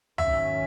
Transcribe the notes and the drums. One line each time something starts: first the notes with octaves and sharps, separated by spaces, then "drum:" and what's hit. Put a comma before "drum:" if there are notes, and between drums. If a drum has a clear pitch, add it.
G#2 D#3 F#3 C#4 E5, drum: tom